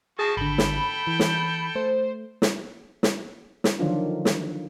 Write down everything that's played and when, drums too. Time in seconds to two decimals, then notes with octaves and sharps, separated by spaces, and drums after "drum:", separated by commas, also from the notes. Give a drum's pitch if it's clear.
0.19 F3 F#4 G#4 A5 A6
0.37 G#1 D3 A4 G5 B5
0.58 drum: snare
1.07 E3
1.19 drum: snare
1.75 A3 C5
2.42 drum: snare
3.03 drum: snare
3.64 drum: snare
3.79 D3 D#3 F3 F#3 D4 F4
4.25 drum: snare